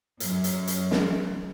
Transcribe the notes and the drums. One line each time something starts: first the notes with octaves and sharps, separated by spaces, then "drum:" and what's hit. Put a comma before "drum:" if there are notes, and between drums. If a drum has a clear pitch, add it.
F#2, drum: hi-hat
drum: hi-hat
drum: hi-hat
drum: snare